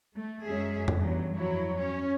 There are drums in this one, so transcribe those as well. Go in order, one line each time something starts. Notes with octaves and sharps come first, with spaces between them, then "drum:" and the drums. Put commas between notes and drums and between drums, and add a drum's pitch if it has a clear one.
A3
F#2 G#3 C#4 G#4 E5
drum: tom F2
E2 G2 F#3
F2 F#3 E4 C#5
C#4